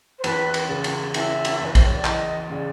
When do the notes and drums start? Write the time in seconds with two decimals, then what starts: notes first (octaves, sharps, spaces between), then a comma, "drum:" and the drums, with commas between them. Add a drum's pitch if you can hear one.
0.19 C5
0.24 E2 B4, drum: cymbal
0.54 drum: cymbal
0.69 C#3
0.84 drum: cymbal
1.14 E3 E5, drum: cymbal
1.45 drum: cymbal
1.60 E2
1.65 B4
1.75 C5, drum: kick A#1, cymbal
1.85 C#5
1.95 D5
2.05 E2 D#5, drum: clap
2.50 C#3 D5